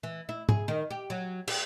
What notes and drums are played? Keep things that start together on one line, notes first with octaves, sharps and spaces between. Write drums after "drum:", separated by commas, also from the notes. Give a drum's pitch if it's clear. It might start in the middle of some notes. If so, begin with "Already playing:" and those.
E3
E4
G#4, drum: tom G#2
D#3
G4
F#3
G4, drum: cymbal